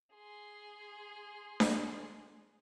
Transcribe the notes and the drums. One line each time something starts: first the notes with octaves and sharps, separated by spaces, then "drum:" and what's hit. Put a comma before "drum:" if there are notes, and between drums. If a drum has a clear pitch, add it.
G#4 C6
drum: snare D4